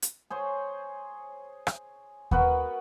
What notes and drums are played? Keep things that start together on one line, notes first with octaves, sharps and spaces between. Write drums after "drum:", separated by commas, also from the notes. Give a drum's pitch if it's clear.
drum: hi-hat
G#4 C5 C#5
drum: rim click
B3 F#4 A#4 B4, drum: kick D#2